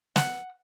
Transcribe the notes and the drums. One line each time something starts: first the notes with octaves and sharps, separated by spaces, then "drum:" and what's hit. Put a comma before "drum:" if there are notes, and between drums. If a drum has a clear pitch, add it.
F#5, drum: snare